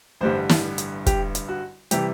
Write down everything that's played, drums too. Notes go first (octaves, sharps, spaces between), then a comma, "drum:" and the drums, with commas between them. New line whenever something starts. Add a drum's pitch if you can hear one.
A1 G2 D3 G3 C5
drum: snare
drum: hi-hat
G4, drum: kick, hi-hat
drum: hi-hat
F#4
C3 E3 G3 G4, drum: hi-hat